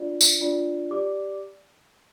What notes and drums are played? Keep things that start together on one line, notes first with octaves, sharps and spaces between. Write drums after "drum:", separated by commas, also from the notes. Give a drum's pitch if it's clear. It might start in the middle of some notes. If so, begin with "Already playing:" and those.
Already playing: D4 F4 D5
drum: tambourine
D4 F4 D5
G4 D5 D6